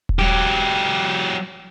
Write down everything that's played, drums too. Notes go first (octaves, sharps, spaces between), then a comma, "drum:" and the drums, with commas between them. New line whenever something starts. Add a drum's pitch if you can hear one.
drum: kick D#1
F#3 G4